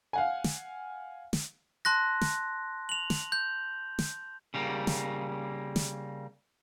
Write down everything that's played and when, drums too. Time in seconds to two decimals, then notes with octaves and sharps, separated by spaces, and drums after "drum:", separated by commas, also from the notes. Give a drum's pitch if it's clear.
0.13 F5 F#5 G#5
0.44 drum: snare
1.33 drum: snare
1.85 A5 C6 F#6 A#6
2.21 drum: snare
2.89 F7 F#7
3.10 drum: snare
3.32 G6
3.99 drum: snare
4.54 C#3 G3 A#3
4.87 drum: snare
5.76 drum: snare